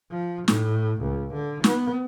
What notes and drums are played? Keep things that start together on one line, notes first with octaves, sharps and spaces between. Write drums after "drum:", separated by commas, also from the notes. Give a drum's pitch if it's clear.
F3
A2, drum: snare
C#2
D3
B3, drum: snare